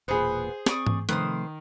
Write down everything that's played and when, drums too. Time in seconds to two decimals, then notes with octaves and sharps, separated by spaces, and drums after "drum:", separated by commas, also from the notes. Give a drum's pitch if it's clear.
0.08 E1 A#2 B3 G#4 B4 C5
0.66 C4 D5 C#6 D#6, drum: snare
0.87 drum: tom G#2
1.09 C3 D#3 F3 A3 B4 C5 D#6, drum: hi-hat